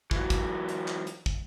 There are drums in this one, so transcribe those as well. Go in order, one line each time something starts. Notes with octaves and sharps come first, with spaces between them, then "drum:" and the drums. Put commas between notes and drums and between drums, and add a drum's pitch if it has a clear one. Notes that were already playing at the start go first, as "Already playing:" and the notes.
E3 F#3, drum: kick
drum: kick, hi-hat
drum: hi-hat
drum: clap
drum: hi-hat
drum: kick